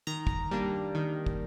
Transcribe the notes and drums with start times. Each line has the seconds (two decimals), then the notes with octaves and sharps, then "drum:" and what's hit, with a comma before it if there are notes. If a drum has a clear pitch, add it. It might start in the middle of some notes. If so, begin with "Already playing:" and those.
0.07 D#3 A#5
0.27 drum: kick
0.51 G3 A#3 D4
0.95 D#3
1.26 drum: kick